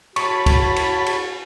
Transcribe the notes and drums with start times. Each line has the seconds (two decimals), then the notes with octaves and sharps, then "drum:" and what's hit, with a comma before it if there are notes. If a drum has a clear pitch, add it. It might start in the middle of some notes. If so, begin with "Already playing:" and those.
0.16 F#4 C#5 A5 B5 C#6, drum: cymbal
0.46 drum: kick, cymbal
0.76 drum: cymbal
1.06 drum: cymbal